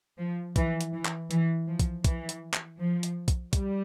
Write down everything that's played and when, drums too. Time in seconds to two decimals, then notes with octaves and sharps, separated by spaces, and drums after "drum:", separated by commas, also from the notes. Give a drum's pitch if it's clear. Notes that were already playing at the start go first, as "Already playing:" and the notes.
0.18 F3
0.56 E3, drum: kick, hi-hat
0.81 drum: hi-hat
0.93 E3
1.05 drum: clap
1.31 E3, drum: hi-hat
1.68 F3
1.79 drum: kick, hi-hat
2.04 E3, drum: kick, hi-hat
2.29 drum: hi-hat
2.54 drum: clap
2.78 F3
3.03 drum: hi-hat
3.28 drum: kick, hi-hat
3.53 G3, drum: kick, hi-hat